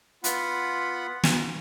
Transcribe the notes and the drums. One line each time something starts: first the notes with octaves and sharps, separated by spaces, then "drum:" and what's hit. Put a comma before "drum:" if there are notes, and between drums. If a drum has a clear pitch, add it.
B3 F4 F#5 B5, drum: hi-hat
drum: snare